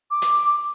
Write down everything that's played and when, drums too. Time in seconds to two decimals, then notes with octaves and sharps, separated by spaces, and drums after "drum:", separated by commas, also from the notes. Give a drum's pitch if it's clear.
0.11 D6
0.22 drum: hi-hat